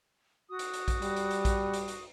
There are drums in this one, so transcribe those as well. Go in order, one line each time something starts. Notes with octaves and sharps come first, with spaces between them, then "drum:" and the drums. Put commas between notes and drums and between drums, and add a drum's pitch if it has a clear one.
F#4 D#6
drum: hi-hat
drum: hi-hat
drum: kick A#1, hi-hat
G3, drum: hi-hat
drum: hi-hat
drum: hi-hat
drum: kick A#1, hi-hat
drum: hi-hat
drum: hi-hat